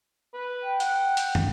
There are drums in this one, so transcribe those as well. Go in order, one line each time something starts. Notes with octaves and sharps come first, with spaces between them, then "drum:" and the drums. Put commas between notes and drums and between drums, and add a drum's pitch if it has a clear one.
B4
G5
F#5, drum: hi-hat
drum: hi-hat
drum: tom